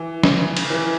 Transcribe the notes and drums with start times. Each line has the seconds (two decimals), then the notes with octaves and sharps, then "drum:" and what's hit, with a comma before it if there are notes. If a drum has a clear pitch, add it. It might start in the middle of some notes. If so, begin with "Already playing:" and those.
Already playing: E3
0.23 C#3, drum: snare
0.57 drum: cymbal
0.70 E3